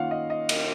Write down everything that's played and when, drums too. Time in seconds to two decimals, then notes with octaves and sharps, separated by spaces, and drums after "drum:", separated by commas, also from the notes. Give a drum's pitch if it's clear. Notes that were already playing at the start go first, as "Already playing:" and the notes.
Already playing: D#3 A#3 C#4 F4 F5 F#5
0.11 D#5
0.30 D#5
0.49 D#5, drum: cymbal